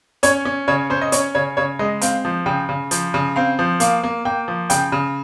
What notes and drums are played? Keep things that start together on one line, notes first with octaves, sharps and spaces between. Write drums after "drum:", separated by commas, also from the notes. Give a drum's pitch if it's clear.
C#4 C#5, drum: hi-hat
C#4
C#3 C#5
C#4 C5
D#5
C#4 C#5, drum: hi-hat
C#3 C#5
C#3 C#5
G#3 D#5
C4 F5, drum: hi-hat
F3
C#3 G5
C#3
F3, drum: hi-hat
C#3
C4 F5
F3
A#3 F5, drum: hi-hat
A#3
A#3 G5
F3
C#3 G5, drum: hi-hat
C#3